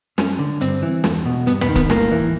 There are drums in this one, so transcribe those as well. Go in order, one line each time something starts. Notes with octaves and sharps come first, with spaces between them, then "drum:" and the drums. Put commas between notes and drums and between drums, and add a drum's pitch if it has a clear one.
F#2 C#4, drum: snare
D3
G2 C4, drum: hi-hat
E3
E2, drum: snare
B2
G2 B3, drum: hi-hat
B3, drum: tom
D#3
B3, drum: kick, hi-hat
A2 A#3, drum: snare
E3